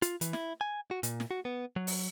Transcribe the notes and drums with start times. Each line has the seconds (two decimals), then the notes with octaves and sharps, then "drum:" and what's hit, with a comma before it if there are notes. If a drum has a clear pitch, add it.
0.02 F4, drum: hi-hat
0.21 E3, drum: hi-hat
0.33 E4, drum: snare
0.61 G#5
0.91 F#4
1.03 A#2, drum: hi-hat
1.20 drum: snare
1.31 F#4
1.45 B3
1.76 F#3
1.87 drum: open hi-hat